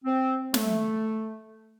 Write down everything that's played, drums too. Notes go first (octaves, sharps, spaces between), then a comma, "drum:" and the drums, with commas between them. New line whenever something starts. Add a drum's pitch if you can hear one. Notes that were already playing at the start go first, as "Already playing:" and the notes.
C4
A3, drum: snare